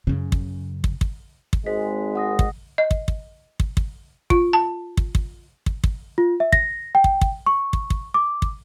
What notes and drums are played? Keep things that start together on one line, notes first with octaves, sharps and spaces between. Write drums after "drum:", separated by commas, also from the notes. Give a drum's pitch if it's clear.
F#2 C#3
drum: kick
drum: kick
drum: kick
drum: kick
G#1 G#3 C5 D#5 B6
F#5 D#6 A#6
drum: kick
D#5
drum: kick
drum: kick
drum: kick
drum: kick
F4, drum: kick
A5
drum: kick
drum: kick
drum: kick
drum: kick
F4
E5
A#6, drum: kick
G5
drum: kick
drum: kick
C#6
drum: kick
drum: kick
D6
drum: kick